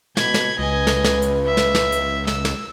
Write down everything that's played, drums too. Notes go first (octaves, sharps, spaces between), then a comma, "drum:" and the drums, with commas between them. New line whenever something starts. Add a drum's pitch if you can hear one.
B2 B5 G#6, drum: snare
drum: snare
C#2 B4 D#5 G#5
drum: snare
drum: snare
drum: hi-hat
E5
drum: snare
drum: snare
drum: hi-hat
E6, drum: snare
drum: snare